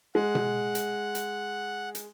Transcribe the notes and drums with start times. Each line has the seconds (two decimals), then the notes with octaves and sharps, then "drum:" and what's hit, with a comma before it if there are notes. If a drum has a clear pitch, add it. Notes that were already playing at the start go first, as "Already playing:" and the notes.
0.15 G#3 F#5
0.35 drum: tom B2
0.75 drum: hi-hat
1.15 drum: hi-hat
1.95 drum: hi-hat